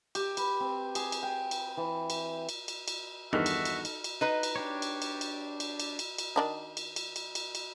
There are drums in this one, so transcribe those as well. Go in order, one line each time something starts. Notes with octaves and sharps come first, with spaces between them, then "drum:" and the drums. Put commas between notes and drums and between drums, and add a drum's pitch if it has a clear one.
G4, drum: cymbal
B4, drum: cymbal
C4
G#4, drum: cymbal
drum: cymbal
G5
drum: cymbal
E3
drum: cymbal
drum: cymbal
drum: cymbal
drum: cymbal
E2 G2 D#3 D#4 F#4 A4 E5 F6
drum: cymbal
drum: cymbal
drum: cymbal
drum: cymbal
D#4 B4
drum: cymbal
D4 G4 C#5
drum: cymbal
drum: cymbal
drum: cymbal
drum: cymbal
drum: cymbal
drum: cymbal
drum: cymbal
D#3 D4 D#4
drum: cymbal
drum: cymbal
drum: cymbal
drum: cymbal
drum: cymbal